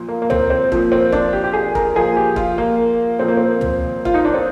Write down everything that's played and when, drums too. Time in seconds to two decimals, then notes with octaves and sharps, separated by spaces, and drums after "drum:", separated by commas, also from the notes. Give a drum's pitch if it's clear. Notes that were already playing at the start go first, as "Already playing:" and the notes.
Already playing: A#2 F3
0.08 A#3
0.22 A#3
0.30 C4, drum: tom
0.50 C4
0.72 A#2 F3, drum: kick
0.92 C4
1.12 D4, drum: kick
1.33 G4
1.44 G4
1.53 G#4
1.75 A#4, drum: kick
1.96 A#2 F3 G#4
2.17 G4
2.36 F4, drum: kick
2.58 A#3
3.19 A#2 F3 C4
3.28 A#3
3.37 C4
3.61 drum: tom
4.05 F4, drum: kick
4.14 D#4
4.25 D4
4.34 C4